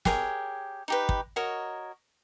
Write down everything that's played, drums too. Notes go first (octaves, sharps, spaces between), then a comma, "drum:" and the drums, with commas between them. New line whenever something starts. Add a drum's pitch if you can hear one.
G4 G#4 A#4 C#5, drum: snare
D#4 G4 B4
drum: kick
F#4 A#4 C#5 D#5